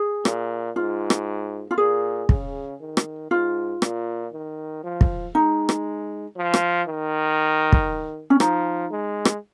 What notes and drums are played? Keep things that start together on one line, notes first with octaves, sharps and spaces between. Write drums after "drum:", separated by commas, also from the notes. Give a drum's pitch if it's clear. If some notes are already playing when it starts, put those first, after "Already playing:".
Already playing: G#4
A#2, drum: rim click
G#2 F4
drum: rim click
F4
A#2 G#4
C#3, drum: kick
D#3
drum: rim click
G#2 F4
A#2, drum: rim click
D#3
F3
drum: kick
G#3 D#4
drum: rim click
F3
drum: rim click
D#3
drum: kick
C#4
F3 D#4, drum: rim click
G#3
drum: rim click